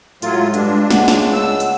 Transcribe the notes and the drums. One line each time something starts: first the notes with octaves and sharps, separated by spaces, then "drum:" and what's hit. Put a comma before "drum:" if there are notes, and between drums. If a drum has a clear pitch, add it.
A2 F#3 G#3 F4, drum: hi-hat
G2 D4, drum: hi-hat
C#2 F#5, drum: snare
drum: snare
E6
drum: hi-hat